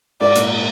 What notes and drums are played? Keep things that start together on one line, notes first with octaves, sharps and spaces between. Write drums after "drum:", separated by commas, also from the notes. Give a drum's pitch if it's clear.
G#2 D5, drum: cymbal
A#2, drum: hi-hat